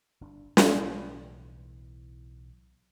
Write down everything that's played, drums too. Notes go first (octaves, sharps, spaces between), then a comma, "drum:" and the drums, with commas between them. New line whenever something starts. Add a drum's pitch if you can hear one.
G1 D4
B1 A2 E3, drum: snare